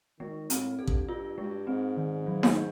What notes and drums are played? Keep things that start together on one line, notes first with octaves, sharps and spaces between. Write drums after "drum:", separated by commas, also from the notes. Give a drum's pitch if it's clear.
D#3 G#3
A2 C4, drum: hi-hat
G2 A4
drum: kick A1
G2 F4
G2 G#3
G#2 C4
D#3
F#3
drum: snare D#4
D4